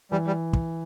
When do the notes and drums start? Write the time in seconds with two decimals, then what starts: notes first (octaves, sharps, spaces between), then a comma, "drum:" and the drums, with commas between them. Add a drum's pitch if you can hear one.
0.12 E3 G3
0.27 G3
0.53 drum: kick